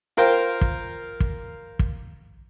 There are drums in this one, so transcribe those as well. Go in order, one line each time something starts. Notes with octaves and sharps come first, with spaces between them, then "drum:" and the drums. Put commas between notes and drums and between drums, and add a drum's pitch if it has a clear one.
F4 A#4 C5 F5 G5
drum: kick
drum: kick
drum: kick